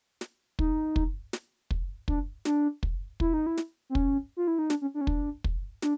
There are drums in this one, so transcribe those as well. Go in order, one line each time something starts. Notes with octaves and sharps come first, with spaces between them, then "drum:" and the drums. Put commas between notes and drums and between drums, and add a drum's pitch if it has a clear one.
drum: snare
D#4, drum: kick
drum: kick
drum: snare
drum: kick
D4, drum: kick
D4, drum: snare
drum: kick
E4, drum: kick
D#4
E4
drum: snare
C4
C#4, drum: kick
F4
E4
D#4
D4, drum: snare
C#4
D4
C#4
D4, drum: kick
drum: kick
D4, drum: snare